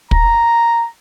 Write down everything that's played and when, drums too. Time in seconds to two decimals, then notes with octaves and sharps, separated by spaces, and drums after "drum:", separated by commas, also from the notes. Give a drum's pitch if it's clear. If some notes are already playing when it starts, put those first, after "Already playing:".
0.11 A#5, drum: kick